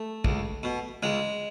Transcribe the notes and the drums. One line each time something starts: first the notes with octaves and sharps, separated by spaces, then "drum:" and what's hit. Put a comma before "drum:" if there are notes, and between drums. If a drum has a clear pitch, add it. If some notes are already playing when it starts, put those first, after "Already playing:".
Already playing: A3
C#2, drum: kick
B2
C#2 G#3